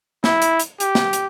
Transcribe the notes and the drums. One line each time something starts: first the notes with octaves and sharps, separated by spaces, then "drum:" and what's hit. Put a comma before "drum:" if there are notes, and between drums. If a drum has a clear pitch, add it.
E4, drum: snare
drum: hi-hat
drum: hi-hat
G4, drum: hi-hat
drum: snare
drum: hi-hat